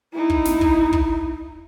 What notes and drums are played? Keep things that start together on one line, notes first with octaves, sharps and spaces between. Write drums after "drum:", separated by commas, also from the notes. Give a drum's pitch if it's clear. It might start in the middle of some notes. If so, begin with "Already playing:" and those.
D#4 E4
drum: kick
drum: snare
drum: kick
drum: kick